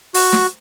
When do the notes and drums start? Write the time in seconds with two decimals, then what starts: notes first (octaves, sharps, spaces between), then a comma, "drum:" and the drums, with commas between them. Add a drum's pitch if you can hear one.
0.14 F#4, drum: open hi-hat
0.33 drum: snare